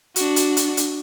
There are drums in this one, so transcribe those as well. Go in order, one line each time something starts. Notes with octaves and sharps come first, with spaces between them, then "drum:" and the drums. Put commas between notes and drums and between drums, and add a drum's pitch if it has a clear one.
D4 F#4, drum: hi-hat
drum: hi-hat
drum: hi-hat
drum: hi-hat